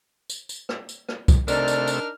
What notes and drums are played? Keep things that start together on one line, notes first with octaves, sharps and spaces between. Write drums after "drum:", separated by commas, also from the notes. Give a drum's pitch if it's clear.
drum: tambourine
drum: tambourine
drum: rim click
drum: tambourine
drum: rim click
drum: kick C2, tambourine
C3 A3 D4 D#4 A#4 D5 F6, drum: tambourine
drum: tambourine
drum: tambourine